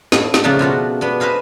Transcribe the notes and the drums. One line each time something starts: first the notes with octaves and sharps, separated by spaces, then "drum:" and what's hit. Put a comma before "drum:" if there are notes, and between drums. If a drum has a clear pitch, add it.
A2, drum: snare
drum: snare
C#3 F3 A3 A#3 D4
B2 F4 F#4 F#5
B3 D4
B4 C5 D#5 F5 G#5